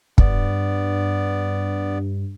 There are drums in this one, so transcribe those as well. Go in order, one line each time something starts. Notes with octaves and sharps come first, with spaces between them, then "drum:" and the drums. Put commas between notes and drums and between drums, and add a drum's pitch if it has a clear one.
G2 B3 D5, drum: kick